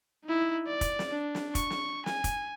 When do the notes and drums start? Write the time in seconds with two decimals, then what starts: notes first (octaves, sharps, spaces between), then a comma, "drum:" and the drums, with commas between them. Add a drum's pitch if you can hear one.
0.25 D#4 E4
0.67 D5
0.81 drum: kick, hi-hat
0.99 drum: snare
1.11 D4
1.35 drum: snare
1.55 C#6, drum: kick, hi-hat
1.70 drum: snare
2.06 G#5, drum: snare
2.24 drum: kick, hi-hat